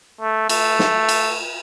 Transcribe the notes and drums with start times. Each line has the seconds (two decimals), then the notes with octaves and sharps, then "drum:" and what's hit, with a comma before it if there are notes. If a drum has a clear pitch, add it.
0.21 A3
0.49 A3, drum: cymbal
0.79 drum: snare
1.09 drum: cymbal